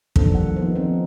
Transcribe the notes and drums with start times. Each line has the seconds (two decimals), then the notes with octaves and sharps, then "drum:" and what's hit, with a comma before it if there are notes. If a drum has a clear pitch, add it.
0.16 D#3 F3 A#3 D4 A4 C5, drum: kick
0.35 G3 F#5
0.56 F3 B3 D#4
0.75 F3 C4 D#4